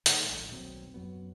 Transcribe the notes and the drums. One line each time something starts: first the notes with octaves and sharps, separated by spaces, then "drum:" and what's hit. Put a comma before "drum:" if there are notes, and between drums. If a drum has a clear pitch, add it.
A#2 D#3 G#3, drum: hi-hat
D1 A#1 A3
D#1 B1 F#3 C4
F#2 F#3 B3